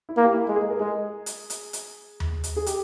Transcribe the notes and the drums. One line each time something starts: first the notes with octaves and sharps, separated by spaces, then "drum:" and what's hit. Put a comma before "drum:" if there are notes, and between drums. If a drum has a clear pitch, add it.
E4
A#3
G4
E4
G#3
G#4
A#4
G#3 G#4
drum: hi-hat
drum: hi-hat
drum: hi-hat
drum: tom D#2
drum: hi-hat
G#4
G4, drum: hi-hat